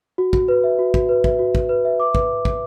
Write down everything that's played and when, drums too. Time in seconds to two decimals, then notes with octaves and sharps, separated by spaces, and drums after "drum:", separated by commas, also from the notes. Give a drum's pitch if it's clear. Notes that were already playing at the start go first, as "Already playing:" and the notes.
0.18 F#4
0.33 F#4, drum: kick
0.48 B4
0.64 E5
0.79 F#4
0.94 F#4, drum: kick
1.09 B4
1.24 E5, drum: kick
1.39 F#4
1.55 F#4, drum: kick
1.69 B4
1.85 E5
2.00 D6
2.15 B4, drum: kick
2.45 drum: kick